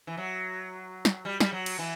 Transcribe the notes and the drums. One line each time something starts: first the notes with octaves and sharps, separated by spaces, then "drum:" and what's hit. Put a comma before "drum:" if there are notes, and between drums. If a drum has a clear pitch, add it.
E3
F#3
drum: snare
G3
G3, drum: snare
F#3
drum: cymbal
E3